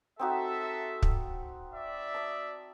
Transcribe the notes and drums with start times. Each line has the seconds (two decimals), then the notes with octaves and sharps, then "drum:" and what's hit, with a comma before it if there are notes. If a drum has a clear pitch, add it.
0.19 C4 D#4 F#4 A4 E5
1.02 drum: kick
1.74 D5 E5
2.14 A5 D#6